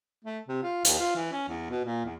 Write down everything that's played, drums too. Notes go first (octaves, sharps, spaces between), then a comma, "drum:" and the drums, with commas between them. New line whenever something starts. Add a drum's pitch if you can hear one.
A3
C3
F4
D#2, drum: hi-hat
F4
E3
C#4
E2
B2
A#2
E2